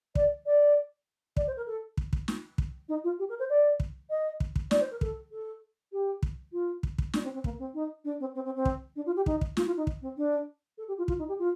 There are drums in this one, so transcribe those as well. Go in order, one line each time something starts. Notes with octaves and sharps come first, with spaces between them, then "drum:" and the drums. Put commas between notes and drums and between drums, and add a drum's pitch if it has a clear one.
D5, drum: kick
D5
D5, drum: kick
C5
A#4
A4
drum: kick
drum: kick
drum: snare
drum: kick
D#4
F4
G4
A#4
C5
D5
drum: kick
D#5
drum: kick
drum: kick
D5, drum: snare
C5
A#4
A4, drum: kick
A4
G4
drum: kick
F4
drum: kick
drum: kick
D4, drum: snare
C4
C4
A#3, drum: kick
C4
D#4
D4
C4
C4
C4
C4
drum: kick
D4
F4
G4
D#4, drum: kick
drum: kick
F4, drum: snare
F4
D#4
drum: kick
C4
D4
A4
G4
F4
F4, drum: kick
D#4
G4
F4